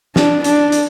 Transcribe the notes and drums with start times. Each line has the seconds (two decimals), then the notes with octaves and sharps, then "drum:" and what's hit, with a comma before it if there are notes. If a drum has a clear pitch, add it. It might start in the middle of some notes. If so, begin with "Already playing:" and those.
0.16 D4, drum: snare
0.44 D4, drum: hi-hat
0.72 drum: hi-hat